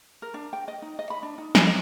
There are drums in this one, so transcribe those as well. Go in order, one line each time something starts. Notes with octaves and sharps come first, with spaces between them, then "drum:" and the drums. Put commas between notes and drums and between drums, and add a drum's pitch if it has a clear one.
A#4
D4
G5
D#5
D#4
D#5
B5
D4
D#4
G#5, drum: snare
D#5